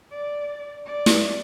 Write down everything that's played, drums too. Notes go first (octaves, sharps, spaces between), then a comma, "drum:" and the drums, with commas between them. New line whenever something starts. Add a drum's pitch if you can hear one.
D5
D5
drum: snare